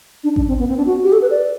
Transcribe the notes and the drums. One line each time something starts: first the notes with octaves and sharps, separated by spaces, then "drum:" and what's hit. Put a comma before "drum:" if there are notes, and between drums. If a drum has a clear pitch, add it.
D4
D4, drum: kick A1
C4
B3
C4
D4
F#4
G4
A4
B4
D5